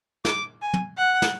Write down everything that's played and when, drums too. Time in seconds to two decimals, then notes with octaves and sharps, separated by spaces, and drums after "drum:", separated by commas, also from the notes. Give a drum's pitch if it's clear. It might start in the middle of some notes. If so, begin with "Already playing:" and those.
0.25 D6, drum: snare
0.61 G#5
0.74 drum: tom
0.98 F#5
1.22 drum: snare